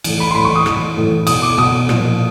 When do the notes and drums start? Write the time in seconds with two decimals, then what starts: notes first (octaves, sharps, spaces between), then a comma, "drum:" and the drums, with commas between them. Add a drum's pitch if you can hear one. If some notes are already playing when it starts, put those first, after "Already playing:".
0.04 A2 E3, drum: cymbal
0.20 B5
0.31 C6
0.35 A2 E3 B5
0.45 C#6
0.56 D#6
0.66 A2 E3 D#6, drum: rim click
0.97 A2 E3
1.27 B2 D#6, drum: cymbal
1.42 D6
1.57 B2 D#6
1.89 A#2 F3, drum: rim click